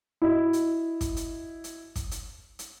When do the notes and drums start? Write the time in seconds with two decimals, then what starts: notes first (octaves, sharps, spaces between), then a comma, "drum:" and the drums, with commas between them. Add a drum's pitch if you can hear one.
0.22 E4 F#4 D#5
0.53 drum: hi-hat
1.01 drum: kick, hi-hat
1.16 drum: hi-hat
1.64 drum: hi-hat
1.96 drum: kick, hi-hat
2.11 drum: hi-hat
2.59 drum: hi-hat